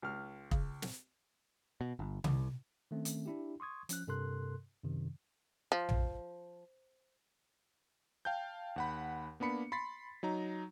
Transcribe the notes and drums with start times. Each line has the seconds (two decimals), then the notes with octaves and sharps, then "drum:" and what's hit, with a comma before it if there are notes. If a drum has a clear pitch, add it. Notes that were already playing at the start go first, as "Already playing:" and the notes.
0.02 C#2 F6
0.51 C#3, drum: kick
0.82 drum: snare
1.81 B2
1.99 G1
2.24 C2, drum: tom C3
2.91 D#3 A3 C4 C#4
3.05 drum: hi-hat
3.26 D4 E4 G4
3.60 C6 C#6 D#6 G#6
3.89 F3 C#4 F#6, drum: hi-hat
4.07 G2 C3 A4 A#4 C6 F#6
4.83 F#2 C3 D#3
5.72 F3
5.89 drum: tom A#1
8.25 F5 G5 A5 G6
8.76 D#2 F#5 B5
9.40 A#3 B3 D4 B5 C#7
9.72 B5 C6 A6 B6 C7
10.23 F#3 D#4 A#5